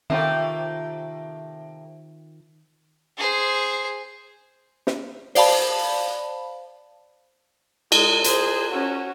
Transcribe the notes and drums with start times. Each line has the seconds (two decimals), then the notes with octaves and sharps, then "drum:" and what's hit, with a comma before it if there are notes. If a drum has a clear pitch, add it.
0.10 C3 D#3 A3 A#3 C4 F4 E5 G5
3.18 G#4 C5
4.87 drum: snare
5.35 C5 D5 F5 A5 B5, drum: open hi-hat
7.92 G#3, drum: cymbal
8.24 G#4 C5, drum: hi-hat
8.71 C#4 F#4